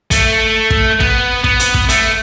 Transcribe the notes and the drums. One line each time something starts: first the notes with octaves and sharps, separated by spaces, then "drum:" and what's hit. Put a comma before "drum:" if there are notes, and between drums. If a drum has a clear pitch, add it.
A3, drum: kick, hi-hat
drum: kick
B3, drum: kick
B3, drum: kick
drum: hi-hat
drum: kick
A3, drum: hi-hat